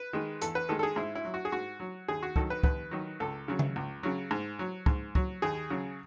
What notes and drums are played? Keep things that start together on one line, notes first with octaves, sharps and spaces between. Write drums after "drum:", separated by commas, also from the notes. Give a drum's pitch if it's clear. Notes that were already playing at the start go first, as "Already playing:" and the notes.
Already playing: B4
D#3 G#3
E2 A4, drum: hi-hat
B4
D#3 G#3 A4
A4
G#4
G#2 E4
E4
F#3
F#4
G#4
G#2 F#4
F#3
D#2 G#4
F#4
D#3 F#3 A4, drum: kick
B4
D#2 B4, drum: kick
D#3 F#3
C#2 A4
C#3 F#3
drum: tom C#3
C#2
C#3 F#3
G#2
F#3
G#2, drum: kick
F#3, drum: kick
D#2 G#4
C#3 F#3